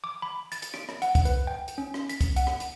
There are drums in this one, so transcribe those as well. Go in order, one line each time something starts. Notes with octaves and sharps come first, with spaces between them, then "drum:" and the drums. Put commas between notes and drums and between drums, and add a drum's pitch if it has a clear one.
D6
B5
A6, drum: hi-hat
drum: hi-hat
D7, drum: rim click
drum: rim click
F#5, drum: hi-hat
drum: kick C2, hi-hat
B4, drum: hi-hat
G5
drum: hi-hat
C#4
drum: rim click
B6, drum: hi-hat
drum: kick C2, hi-hat
F#5, drum: hi-hat
drum: rim click
drum: hi-hat